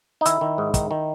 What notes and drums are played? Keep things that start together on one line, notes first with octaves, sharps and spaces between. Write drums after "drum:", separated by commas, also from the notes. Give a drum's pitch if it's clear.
D#4
D#3 E4, drum: hi-hat
D#3
G#2
D#3, drum: kick, hi-hat
D#3